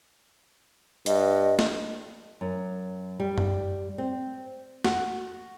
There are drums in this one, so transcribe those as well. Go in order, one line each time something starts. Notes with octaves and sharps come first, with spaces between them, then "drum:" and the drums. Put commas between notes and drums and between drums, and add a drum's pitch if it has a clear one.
G2 D#5, drum: hi-hat
drum: snare
F#2
G3
drum: tom F#2
C4
F#4, drum: snare